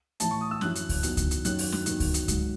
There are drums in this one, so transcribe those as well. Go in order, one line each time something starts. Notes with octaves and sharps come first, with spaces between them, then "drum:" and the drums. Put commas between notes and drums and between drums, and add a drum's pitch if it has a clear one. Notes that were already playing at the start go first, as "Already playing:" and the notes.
A2 E3 A5, drum: hi-hat
C#6
D#6
E6
F#2 E3 F#6, drum: snare
drum: hi-hat
drum: kick C#2, open hi-hat
E2 D#3 F#3, drum: hi-hat
drum: kick C#2, hi-hat
drum: hi-hat
F#2 D#3 F#3 F#6, drum: hi-hat
drum: open hi-hat
drum: snare
E2 D#3 F#3, drum: hi-hat
drum: kick C#2, open hi-hat
drum: hi-hat
G#2 F#3, drum: kick C#2, hi-hat